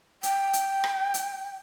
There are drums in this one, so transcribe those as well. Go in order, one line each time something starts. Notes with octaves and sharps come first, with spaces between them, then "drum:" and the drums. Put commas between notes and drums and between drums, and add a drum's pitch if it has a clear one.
G5, drum: hi-hat
drum: hi-hat
drum: rim click
drum: hi-hat